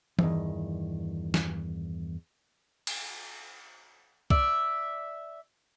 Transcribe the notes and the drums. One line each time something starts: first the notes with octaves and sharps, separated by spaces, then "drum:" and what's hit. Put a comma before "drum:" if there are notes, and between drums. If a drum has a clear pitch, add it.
E2 G2 D#3, drum: tom E3
drum: snare
drum: cymbal
D5 E5, drum: kick